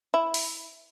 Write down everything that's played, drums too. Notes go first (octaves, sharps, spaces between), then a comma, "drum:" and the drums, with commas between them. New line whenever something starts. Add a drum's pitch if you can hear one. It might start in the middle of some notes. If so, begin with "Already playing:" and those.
E4
drum: open hi-hat